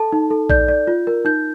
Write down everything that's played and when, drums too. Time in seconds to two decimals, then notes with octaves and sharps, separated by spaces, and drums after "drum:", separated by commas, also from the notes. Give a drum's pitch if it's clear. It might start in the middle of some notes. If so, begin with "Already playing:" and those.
Already playing: A4 A5
0.12 D#4
0.30 A4
0.50 D5 G6, drum: kick A#1
0.68 D5
0.87 F4
1.07 A#4
1.25 D#4 G6